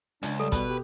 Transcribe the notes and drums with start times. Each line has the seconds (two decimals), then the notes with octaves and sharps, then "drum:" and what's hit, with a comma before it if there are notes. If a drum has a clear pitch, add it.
0.23 C#2 D4, drum: hi-hat
0.40 G3 A4
0.52 B2 B4, drum: kick, hi-hat
0.69 G4